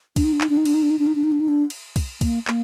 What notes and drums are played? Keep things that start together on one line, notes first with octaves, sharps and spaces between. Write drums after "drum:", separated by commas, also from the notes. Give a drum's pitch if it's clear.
D4, drum: kick, cymbal
D#4
D4
D#4, drum: clap
D4
D#4
D4, drum: cymbal
D#4
D4
D#4
D4
D#4
D4
D#4
D4
D#4
D4
drum: cymbal
drum: kick, cymbal
A#3, drum: kick, cymbal
A#3, drum: clap